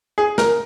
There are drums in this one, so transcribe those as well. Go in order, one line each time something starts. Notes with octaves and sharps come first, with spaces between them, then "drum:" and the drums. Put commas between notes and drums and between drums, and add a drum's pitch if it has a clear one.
G#4
A#4, drum: snare